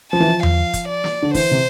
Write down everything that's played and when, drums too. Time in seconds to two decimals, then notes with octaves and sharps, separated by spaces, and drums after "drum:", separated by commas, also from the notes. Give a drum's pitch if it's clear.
0.12 F3 A5
0.20 E3
0.28 F3
0.43 F5, drum: tom E2
0.73 drum: kick, hi-hat
0.89 D5
1.04 drum: snare
1.22 D3
1.34 E3 C5, drum: kick, open hi-hat
1.51 C3